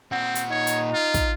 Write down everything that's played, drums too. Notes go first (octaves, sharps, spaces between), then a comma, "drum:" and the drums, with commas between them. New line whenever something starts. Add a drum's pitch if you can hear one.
A#2 C4 F#5
drum: hi-hat
D#4 C#5
drum: hi-hat
F4
drum: kick, hi-hat